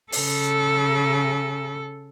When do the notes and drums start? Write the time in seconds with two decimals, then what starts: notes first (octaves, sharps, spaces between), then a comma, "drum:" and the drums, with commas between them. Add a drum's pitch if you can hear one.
0.12 C#3 A4, drum: open hi-hat